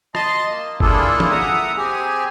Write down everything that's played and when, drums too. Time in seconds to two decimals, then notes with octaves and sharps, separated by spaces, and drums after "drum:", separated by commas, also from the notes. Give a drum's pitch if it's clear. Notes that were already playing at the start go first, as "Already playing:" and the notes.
0.15 D#5 A5 C6, drum: rim click
0.49 A#3
0.80 A#3 D4 E4 F4 G#4 A4, drum: kick F#1
1.20 drum: tom
1.31 E5 F#5 A#5 D#6
1.77 C4 G4 G#4 G#5